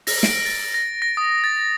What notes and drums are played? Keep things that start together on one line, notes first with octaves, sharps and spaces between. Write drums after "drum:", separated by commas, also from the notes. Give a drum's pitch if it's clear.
A#6, drum: open hi-hat
D7, drum: snare
A6
A#6
A#6
D#6
A6